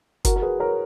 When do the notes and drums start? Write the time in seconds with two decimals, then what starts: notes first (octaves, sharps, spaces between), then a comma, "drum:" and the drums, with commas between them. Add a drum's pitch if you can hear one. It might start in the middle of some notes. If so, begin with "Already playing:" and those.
0.25 F#4 A#4, drum: kick F#1, hi-hat
0.36 A#4
0.42 G#4 B4
0.60 A#4 C#5